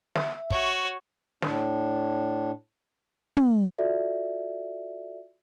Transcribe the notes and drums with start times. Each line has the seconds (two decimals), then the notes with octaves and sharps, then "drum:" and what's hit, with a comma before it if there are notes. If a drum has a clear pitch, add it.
0.15 E5, drum: snare
0.50 F#4 C#5, drum: kick
1.42 A2 D4, drum: snare
3.37 drum: tom
3.78 F4 F#4 A4 D5 E5